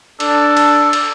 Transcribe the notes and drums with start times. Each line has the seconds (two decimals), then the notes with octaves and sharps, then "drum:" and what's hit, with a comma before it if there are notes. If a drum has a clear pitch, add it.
0.20 D4 A4, drum: cymbal
0.57 drum: cymbal
0.93 drum: cymbal